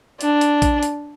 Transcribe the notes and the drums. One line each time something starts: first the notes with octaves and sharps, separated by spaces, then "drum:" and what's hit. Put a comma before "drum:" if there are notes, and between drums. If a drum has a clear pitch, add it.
D4, drum: hi-hat
drum: hi-hat
drum: kick A#1, hi-hat
drum: hi-hat